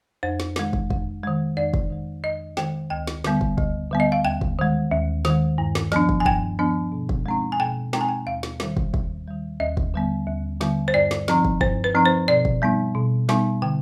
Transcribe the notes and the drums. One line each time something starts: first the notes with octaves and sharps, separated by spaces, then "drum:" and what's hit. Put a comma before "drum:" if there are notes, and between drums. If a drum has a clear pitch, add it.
F2 C5
drum: snare
D#3 G#3, drum: snare
drum: kick
F2, drum: kick
D#3 G#3
F2 D5
drum: kick
D#3 G#3
F2 D#5
D#3 G#3 G5, drum: snare
D2 G5
drum: snare
D3 G3 B3, drum: snare
drum: kick
D2, drum: kick
D3 G3 B3
D#5
F5
D#2 G5
drum: kick
D#3 G#3
D#2
D#3 G#3, drum: snare
G2
drum: snare
F3 B3 D4, drum: snare
drum: kick
G#5
G2 G5, drum: kick
F3 B3 D4
B2
drum: kick
G#3 C4 D#4
G#5
B2 G5
G#3 C4 D#4 G5, drum: snare
G#5
G5
D#2 F5
drum: snare
D#3 G3, drum: snare
drum: kick
D#2, drum: kick
D#3 G3
D#2 D#5
drum: kick
D3 G3 B3
D#2
D3 G3 B3, drum: snare
C5
G2 D5
drum: snare
F3 C4 D#4, drum: snare
drum: kick
G2 C5, drum: kick
B4
F3 C4 D#4
C5
B2 D5
drum: kick
G3 B3 D#4
B2
G3 B3 D#4, drum: snare
D3 G5